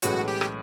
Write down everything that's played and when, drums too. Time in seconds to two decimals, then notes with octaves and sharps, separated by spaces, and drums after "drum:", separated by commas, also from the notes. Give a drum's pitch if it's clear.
0.02 B1 A2 E3 G#3 C#4 F#4, drum: hi-hat
0.28 G4
0.41 drum: rim click